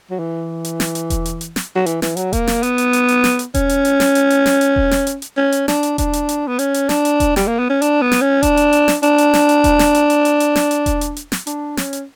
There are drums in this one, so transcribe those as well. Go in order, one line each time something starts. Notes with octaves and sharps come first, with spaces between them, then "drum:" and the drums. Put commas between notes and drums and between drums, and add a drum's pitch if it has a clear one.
F#3
E3
drum: hi-hat
drum: snare
drum: hi-hat
drum: kick E1, hi-hat
drum: hi-hat
drum: hi-hat
drum: snare
F#3
E3, drum: hi-hat
E3, drum: snare
F#3, drum: hi-hat
A#3, drum: kick E1, hi-hat
drum: snare
B3, drum: hi-hat
drum: hi-hat
drum: hi-hat
drum: hi-hat
drum: snare
drum: hi-hat
C#4, drum: kick E1, hi-hat
drum: hi-hat
drum: hi-hat
drum: snare
drum: hi-hat
drum: hi-hat
drum: snare
drum: hi-hat
drum: kick E1
drum: snare
drum: hi-hat
drum: hi-hat
C#4
drum: hi-hat
D4, drum: snare
drum: hi-hat
D4, drum: kick E1, hi-hat
drum: hi-hat
drum: hi-hat
B3
C#4, drum: hi-hat
drum: hi-hat
D4, drum: snare
drum: hi-hat
drum: kick E1, hi-hat
G3, drum: snare
A#3
B3
C#4
D4, drum: hi-hat
B3
drum: snare
C#4
D4, drum: kick E1, hi-hat
drum: hi-hat
drum: hi-hat
drum: snare
D4, drum: hi-hat
drum: hi-hat
drum: snare
drum: hi-hat
drum: kick E1, hi-hat
drum: snare
drum: hi-hat
drum: hi-hat
drum: hi-hat
drum: hi-hat
drum: snare
drum: hi-hat
drum: kick E1, hi-hat
drum: hi-hat
drum: hi-hat
drum: snare
D4, drum: hi-hat
C#4, drum: snare
drum: hi-hat